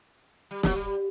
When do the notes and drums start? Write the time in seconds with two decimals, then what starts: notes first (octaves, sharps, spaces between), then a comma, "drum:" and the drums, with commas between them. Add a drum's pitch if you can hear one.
0.51 G3
0.63 F#3, drum: snare
0.76 G3